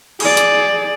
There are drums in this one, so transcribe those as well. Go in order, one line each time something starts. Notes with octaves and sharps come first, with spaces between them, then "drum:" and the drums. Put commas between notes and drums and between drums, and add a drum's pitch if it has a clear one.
G#4 D5, drum: cymbal
drum: hi-hat